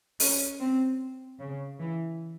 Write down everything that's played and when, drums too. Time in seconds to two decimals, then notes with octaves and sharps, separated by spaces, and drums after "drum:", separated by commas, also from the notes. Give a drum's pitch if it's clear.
0.20 C#4, drum: open hi-hat
0.60 C4
1.40 C#3
1.80 E3